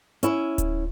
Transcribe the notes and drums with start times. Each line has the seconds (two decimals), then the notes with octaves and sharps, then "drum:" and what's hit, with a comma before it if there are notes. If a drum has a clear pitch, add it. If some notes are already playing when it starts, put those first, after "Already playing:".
0.23 C#4 E4, drum: hi-hat
0.58 drum: kick D1, hi-hat